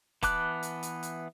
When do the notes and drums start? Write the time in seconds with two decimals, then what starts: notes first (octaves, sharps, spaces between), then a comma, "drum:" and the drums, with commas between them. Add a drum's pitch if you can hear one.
0.23 E3 B3 A5 D6 F#6, drum: kick C#1, hi-hat
0.63 drum: hi-hat
0.83 drum: hi-hat
1.03 drum: hi-hat